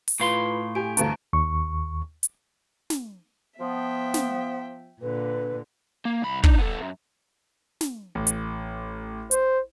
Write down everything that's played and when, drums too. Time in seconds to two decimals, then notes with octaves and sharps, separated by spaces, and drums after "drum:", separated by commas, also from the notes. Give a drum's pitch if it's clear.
0.08 drum: open hi-hat
0.20 A2 F4 B4 F5 B5 C6
0.75 G4 G#5 D7
0.97 A1 D2 G2 A5 A#5 D7, drum: hi-hat
1.33 D#2 C#6
2.23 drum: hi-hat
2.90 drum: snare
3.60 F3 B3 E5 G5
4.14 drum: snare
5.02 A#2 D3 B4
6.05 A#3
6.22 C2 B5
6.44 D4 D#4, drum: kick
6.58 B3 A4
6.82 F#2
7.81 drum: snare
8.15 A1
8.27 drum: hi-hat
9.31 C5, drum: hi-hat